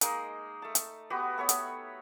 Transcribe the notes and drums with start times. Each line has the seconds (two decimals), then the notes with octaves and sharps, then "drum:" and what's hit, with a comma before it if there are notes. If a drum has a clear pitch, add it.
0.01 G#3 A#3 D#4, drum: hi-hat
0.62 A3 A5
0.75 drum: hi-hat
1.10 B3 F#4 G4 B4
1.38 A3 B3 C#5 B5
1.49 drum: hi-hat